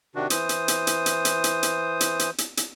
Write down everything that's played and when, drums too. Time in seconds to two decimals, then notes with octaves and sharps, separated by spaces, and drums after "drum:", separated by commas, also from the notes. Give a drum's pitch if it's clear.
0.15 C3 D#3 D4 F#4
0.30 E3 C5 D#6, drum: hi-hat
0.49 drum: hi-hat
0.68 drum: hi-hat
0.87 drum: hi-hat
1.06 drum: hi-hat
1.25 drum: hi-hat
1.44 drum: hi-hat
1.63 drum: hi-hat
2.01 drum: hi-hat
2.19 drum: hi-hat
2.38 drum: hi-hat
2.57 drum: hi-hat